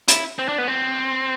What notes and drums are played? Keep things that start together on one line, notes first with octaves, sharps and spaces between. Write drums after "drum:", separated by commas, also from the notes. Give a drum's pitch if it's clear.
E4, drum: hi-hat
C4
D4
B3
C4